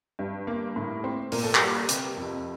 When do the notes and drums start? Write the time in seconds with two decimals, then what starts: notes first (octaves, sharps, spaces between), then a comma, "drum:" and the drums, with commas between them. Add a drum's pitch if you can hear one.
0.19 G2
0.47 A#3
0.76 A2
1.04 C4
1.32 A#2 A#4, drum: open hi-hat
1.44 A4
1.55 G4 A#4, drum: clap
1.60 G3
1.89 C3, drum: hi-hat
2.17 F2